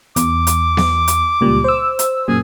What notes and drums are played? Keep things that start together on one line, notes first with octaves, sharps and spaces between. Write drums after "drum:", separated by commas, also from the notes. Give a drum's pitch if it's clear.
E2 D6, drum: hi-hat
drum: hi-hat
drum: snare B3
drum: hi-hat
C#2 A#2 G3
C5 E6
drum: hi-hat
F#2 A#2 G#4